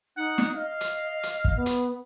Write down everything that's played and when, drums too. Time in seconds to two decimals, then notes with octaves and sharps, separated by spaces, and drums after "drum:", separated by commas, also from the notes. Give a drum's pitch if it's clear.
0.17 D#4 F#5
0.38 drum: snare
0.55 D#5 F5
0.81 drum: hi-hat
1.23 drum: hi-hat
1.45 drum: kick
1.56 B3
1.66 drum: hi-hat